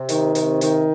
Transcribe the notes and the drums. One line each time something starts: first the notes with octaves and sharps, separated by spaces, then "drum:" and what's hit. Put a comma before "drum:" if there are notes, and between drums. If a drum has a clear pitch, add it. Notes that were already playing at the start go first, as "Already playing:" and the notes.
Already playing: C3
D#3, drum: hi-hat
C3, drum: hi-hat
D#3, drum: hi-hat